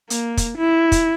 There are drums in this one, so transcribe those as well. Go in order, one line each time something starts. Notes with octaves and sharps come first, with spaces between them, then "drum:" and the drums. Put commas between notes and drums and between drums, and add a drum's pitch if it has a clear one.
A#3, drum: hi-hat
drum: kick, hi-hat
E4
drum: kick, hi-hat